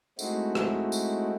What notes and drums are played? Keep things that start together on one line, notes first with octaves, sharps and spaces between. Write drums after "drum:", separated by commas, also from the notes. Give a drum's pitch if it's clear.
G#3 A3 C4 D#4 E4 F#4, drum: tambourine
drum: rim click
drum: tambourine